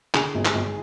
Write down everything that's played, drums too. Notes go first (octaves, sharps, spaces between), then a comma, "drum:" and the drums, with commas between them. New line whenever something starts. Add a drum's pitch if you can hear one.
D3 G#4, drum: clap
G#1
G#4, drum: clap
G#1